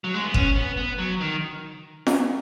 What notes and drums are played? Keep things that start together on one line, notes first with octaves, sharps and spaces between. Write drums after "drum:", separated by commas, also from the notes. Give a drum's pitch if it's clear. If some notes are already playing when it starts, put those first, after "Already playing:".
F#3
G#3
B3
C#4, drum: kick F#1
B3
B3
F#3
D#3
drum: snare F4